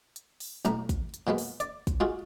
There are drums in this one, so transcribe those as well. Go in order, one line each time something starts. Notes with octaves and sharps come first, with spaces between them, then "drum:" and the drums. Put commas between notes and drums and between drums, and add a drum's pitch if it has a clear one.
drum: hi-hat
drum: open hi-hat
B1 A2 A3 A#5, drum: hi-hat
drum: kick, hi-hat
drum: hi-hat
A#2 F#3 G#3 B3
drum: open hi-hat
D5, drum: hi-hat
drum: kick, hi-hat
G#3 F4 F#4 G#4